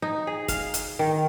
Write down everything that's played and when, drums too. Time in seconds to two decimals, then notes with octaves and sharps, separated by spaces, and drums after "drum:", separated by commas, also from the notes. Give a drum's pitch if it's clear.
0.02 D#4
0.27 G#4
0.48 F5, drum: kick, hi-hat
0.74 drum: hi-hat
0.99 D#3